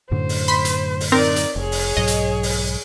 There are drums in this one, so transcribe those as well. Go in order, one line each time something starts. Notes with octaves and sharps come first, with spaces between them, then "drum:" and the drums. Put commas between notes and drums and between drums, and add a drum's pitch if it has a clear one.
F#2 A2 D3 C5
drum: open hi-hat
B5 C6 B6
drum: hi-hat
drum: open hi-hat
C4 D#4 A#4 D5
drum: hi-hat
F1 G#4 C#5
drum: open hi-hat
B1 G#2 F#3 D#5
drum: hi-hat
drum: open hi-hat